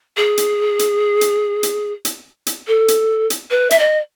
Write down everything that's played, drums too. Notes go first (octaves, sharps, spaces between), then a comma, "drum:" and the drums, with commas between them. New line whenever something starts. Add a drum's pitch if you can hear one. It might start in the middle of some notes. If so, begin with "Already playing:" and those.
G#4
drum: hi-hat
drum: hi-hat
drum: hi-hat
drum: hi-hat
drum: hi-hat
drum: hi-hat
A4
drum: hi-hat
drum: hi-hat
B4
E5, drum: hi-hat
D#5